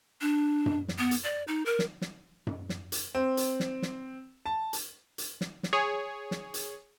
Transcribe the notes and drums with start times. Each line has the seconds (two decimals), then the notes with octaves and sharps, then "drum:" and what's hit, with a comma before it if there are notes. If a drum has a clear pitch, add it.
0.21 D4
0.66 drum: tom F#2
0.88 drum: snare
0.99 B3
1.11 drum: hi-hat
1.24 D5
1.48 D#4
1.66 A#4
1.79 drum: snare
2.01 drum: snare
2.47 drum: tom F#2
2.69 drum: snare
2.92 drum: hi-hat
3.15 C4
3.37 drum: hi-hat
3.60 drum: snare
3.82 drum: snare
4.46 A5
4.73 drum: hi-hat
5.18 drum: hi-hat
5.41 drum: snare
5.63 drum: snare
5.73 G#4 C#5
6.31 drum: snare
6.54 drum: hi-hat